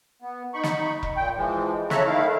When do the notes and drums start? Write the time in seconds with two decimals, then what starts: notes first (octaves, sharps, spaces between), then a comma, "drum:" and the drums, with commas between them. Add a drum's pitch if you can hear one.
0.22 B3
0.54 D#4 B5 C#6
0.63 drum: snare
1.03 drum: kick E1
1.17 A#2 G5
1.37 E3 F3 G#3
1.90 C#3 A4 C#5 E5 A#5 F#6, drum: snare
2.06 D#3 A3 E4 F5